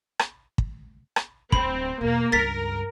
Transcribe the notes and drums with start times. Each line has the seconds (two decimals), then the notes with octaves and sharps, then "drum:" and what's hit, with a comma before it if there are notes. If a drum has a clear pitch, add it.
0.19 drum: rim click
0.58 drum: kick
1.16 drum: rim click
1.52 D1 A2 C4 B5, drum: kick
2.01 E2 B2 A#3
2.32 C#2 G2 A#4 A6 B6